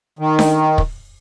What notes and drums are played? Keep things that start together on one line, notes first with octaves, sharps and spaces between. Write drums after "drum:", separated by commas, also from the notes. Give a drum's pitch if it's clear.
D#3
drum: snare D4
drum: kick